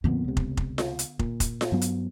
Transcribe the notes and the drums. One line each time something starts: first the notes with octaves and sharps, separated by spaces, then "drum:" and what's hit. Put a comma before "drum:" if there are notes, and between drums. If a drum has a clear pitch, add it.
F2 A#2 D3 B3
C#2 C3
drum: kick
drum: kick
drum: snare F4
drum: hi-hat
A#2, drum: kick
drum: kick, hi-hat
drum: snare F4
G2 F#3 B3
drum: hi-hat